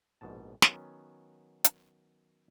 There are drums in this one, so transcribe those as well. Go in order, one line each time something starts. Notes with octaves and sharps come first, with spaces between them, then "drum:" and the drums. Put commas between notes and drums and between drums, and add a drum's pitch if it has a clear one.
A#1 G#2 B2 A5
D#3 F#3 B3 C#4, drum: snare
drum: hi-hat